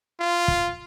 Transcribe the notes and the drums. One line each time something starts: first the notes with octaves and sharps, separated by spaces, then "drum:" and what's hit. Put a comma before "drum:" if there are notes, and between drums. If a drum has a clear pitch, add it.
F4
drum: kick